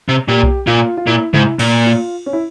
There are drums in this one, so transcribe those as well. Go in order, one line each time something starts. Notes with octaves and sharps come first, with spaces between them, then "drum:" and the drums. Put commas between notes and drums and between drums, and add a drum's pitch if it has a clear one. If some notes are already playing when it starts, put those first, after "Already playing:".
C3
A#2 G4
drum: kick B1
A#2 F4
F4
A#2 E4
G#2 E4, drum: tom C3
A#2, drum: cymbal
F4
C#4
E4